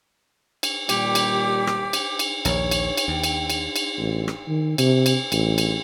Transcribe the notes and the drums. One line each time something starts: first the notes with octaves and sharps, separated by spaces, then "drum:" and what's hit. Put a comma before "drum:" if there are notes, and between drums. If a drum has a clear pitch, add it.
drum: cymbal
A#2 D#3 G3 G4 D6, drum: cymbal
drum: cymbal
drum: rim click
drum: cymbal
drum: cymbal
A#1 D#2 C#5, drum: cymbal
drum: cymbal
drum: cymbal
D#2 G5
drum: cymbal
drum: cymbal
drum: cymbal
A1
drum: rim click
D#3
C3, drum: cymbal
drum: cymbal
A1, drum: cymbal
drum: cymbal